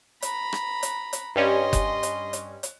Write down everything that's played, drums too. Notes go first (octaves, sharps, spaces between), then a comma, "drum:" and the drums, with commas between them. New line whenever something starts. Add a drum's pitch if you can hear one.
A#5 B5, drum: hi-hat
drum: rim click
drum: hi-hat
drum: hi-hat
G2 G3 C#4 D#5 C6
drum: kick F#1, hi-hat
drum: hi-hat
drum: hi-hat
drum: hi-hat